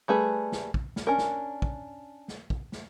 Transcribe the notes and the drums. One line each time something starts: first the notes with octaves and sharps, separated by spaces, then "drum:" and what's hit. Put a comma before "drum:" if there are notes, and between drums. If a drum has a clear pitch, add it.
G3 A3 G#4 B4
drum: snare
drum: kick
drum: snare
C#4 D4 A#4
drum: snare
drum: kick
drum: snare
drum: kick
drum: snare